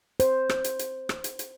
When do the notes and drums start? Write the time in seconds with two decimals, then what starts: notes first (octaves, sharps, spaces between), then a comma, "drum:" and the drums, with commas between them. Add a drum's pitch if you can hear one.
0.20 C5, drum: hi-hat
0.49 drum: rim click
0.64 drum: hi-hat
0.79 drum: hi-hat
1.09 drum: rim click
1.24 drum: hi-hat
1.39 drum: hi-hat